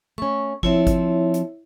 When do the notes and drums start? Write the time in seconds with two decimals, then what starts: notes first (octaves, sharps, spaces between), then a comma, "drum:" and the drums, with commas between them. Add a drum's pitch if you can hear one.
0.18 A3 C#4 C#6
0.63 F3 C4 E4 C#5 E5, drum: kick G#1
0.87 drum: kick G#1, hi-hat
1.34 drum: hi-hat